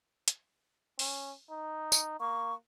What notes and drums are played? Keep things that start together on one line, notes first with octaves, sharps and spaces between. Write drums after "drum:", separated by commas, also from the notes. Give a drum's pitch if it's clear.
drum: hi-hat
C#4, drum: open hi-hat
D#4
drum: tambourine
A#3 C#6